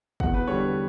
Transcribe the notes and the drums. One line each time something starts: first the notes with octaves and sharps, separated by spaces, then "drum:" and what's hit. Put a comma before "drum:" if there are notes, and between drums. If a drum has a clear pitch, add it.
E2 F#5, drum: kick
B4
D3 G3 C#5
B4